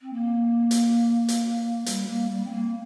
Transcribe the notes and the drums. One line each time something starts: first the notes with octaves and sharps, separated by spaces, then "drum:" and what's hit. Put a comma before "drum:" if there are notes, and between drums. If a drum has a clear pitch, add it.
C4
A#3
drum: hi-hat
drum: hi-hat
G3, drum: hi-hat
A#3
G3
C4
A#3